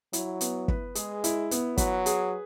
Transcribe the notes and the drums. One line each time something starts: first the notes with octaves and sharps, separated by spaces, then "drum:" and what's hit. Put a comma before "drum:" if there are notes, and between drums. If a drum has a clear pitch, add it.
F#3 E4, drum: hi-hat
B3, drum: hi-hat
B4, drum: kick
G#3 G#4, drum: hi-hat
E4, drum: hi-hat
B3, drum: hi-hat
F#3 B4, drum: kick, hi-hat
G#4, drum: hi-hat